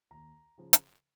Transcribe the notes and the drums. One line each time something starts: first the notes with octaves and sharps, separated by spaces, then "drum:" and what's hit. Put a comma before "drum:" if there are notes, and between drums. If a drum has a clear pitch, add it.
D#2 A#5
C#3 F3
drum: hi-hat